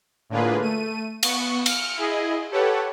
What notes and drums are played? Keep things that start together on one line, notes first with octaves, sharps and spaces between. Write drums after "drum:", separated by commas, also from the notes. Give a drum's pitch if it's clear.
A2 D3 A#3 F4 G#4 B4
A3 D#7
B3 C#6, drum: cymbal
F6 C#7, drum: cymbal
E4 G#4 D#5
G4 A4 B4 C#5 F#5